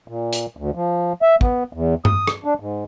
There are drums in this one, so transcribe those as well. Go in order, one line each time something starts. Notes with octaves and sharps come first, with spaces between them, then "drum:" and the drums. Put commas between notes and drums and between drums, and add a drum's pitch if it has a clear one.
A#2
drum: hi-hat
D2
F3
E5
B3, drum: kick
E2
D#6, drum: tom G2
drum: rim click
D4
G#2